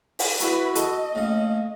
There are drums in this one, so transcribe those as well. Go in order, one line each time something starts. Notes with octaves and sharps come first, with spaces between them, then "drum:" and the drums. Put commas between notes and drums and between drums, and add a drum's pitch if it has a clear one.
drum: open hi-hat
E4 F#4 B4, drum: hi-hat
A4 D#5, drum: hi-hat
A2 A#3 C#4